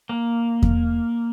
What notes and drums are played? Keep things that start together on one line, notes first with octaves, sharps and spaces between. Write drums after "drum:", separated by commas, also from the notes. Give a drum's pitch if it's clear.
A#3
drum: kick E2